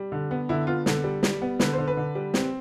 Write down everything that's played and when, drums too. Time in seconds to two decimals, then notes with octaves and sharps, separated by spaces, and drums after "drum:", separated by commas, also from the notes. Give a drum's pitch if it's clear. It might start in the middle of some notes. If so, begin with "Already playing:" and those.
Already playing: G3
0.12 D3
0.31 B3
0.49 D3 E4
0.67 B3 F4
0.86 D3 A4, drum: snare
1.04 G3
1.23 G3, drum: snare
1.42 B3
1.60 D3 B4, drum: snare
1.73 C5
1.78 D3
1.88 B4
1.97 D3
2.15 G3
2.34 C4, drum: snare